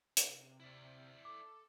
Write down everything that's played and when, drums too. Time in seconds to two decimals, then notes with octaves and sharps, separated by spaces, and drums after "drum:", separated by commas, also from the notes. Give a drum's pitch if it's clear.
0.17 C3, drum: hi-hat
0.60 E4 D5
1.25 A4 D6